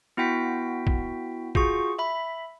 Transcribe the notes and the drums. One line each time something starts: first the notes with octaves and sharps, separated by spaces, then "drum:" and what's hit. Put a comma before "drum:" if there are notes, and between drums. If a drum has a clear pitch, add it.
B3 E4 F#4 G5 B6
drum: kick
F4 F#4 G#4 C#6, drum: kick
E5 B5